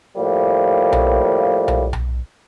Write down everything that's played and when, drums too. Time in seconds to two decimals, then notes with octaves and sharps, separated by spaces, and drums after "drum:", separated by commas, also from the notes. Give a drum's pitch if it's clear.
0.17 A2 F3 G3 A#3
0.92 drum: tom B1
1.68 drum: tom B1
1.93 drum: tom B1